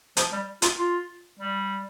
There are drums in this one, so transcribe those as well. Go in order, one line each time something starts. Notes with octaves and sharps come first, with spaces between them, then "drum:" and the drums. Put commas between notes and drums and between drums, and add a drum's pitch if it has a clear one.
F3, drum: hi-hat
G3
F4, drum: hi-hat
F4
G3